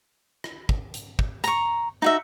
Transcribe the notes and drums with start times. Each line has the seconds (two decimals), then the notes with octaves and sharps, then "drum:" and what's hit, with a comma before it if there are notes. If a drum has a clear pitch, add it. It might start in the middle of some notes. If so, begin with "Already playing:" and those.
0.44 drum: rim click
0.69 drum: kick
0.94 drum: hi-hat
1.19 drum: kick
1.44 A#5 C#6, drum: hi-hat
2.02 D#4 F#4 E5